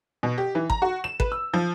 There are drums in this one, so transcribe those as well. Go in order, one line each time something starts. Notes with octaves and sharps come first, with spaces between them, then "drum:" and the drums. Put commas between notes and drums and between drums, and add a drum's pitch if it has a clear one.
B2
G4
E3
A#5, drum: kick
F#4
E7
B4, drum: kick
E6
F3